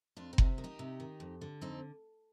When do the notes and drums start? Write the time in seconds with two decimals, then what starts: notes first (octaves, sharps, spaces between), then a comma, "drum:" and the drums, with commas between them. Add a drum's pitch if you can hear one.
0.17 F2 D4 F4
0.33 C4 D#4
0.38 C3, drum: kick F#1
0.58 D#3
0.64 D#4 G4
0.79 C3
1.00 D#3
1.20 F2
1.41 D3
1.61 F2 C4 D#4